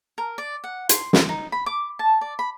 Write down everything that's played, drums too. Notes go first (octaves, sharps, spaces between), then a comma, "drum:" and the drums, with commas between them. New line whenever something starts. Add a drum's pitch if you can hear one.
A#4
D5
F#5
C6, drum: hi-hat
drum: snare
D#4
B5
D6
A5
D5
B5